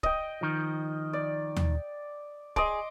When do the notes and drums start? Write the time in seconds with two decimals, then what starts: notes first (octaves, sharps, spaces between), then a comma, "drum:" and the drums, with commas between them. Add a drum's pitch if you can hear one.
0.03 D#5 G5, drum: kick
0.41 D#3 F3
1.13 D5
1.57 drum: tom D#2
2.56 G#4 D#5 C6 D6, drum: kick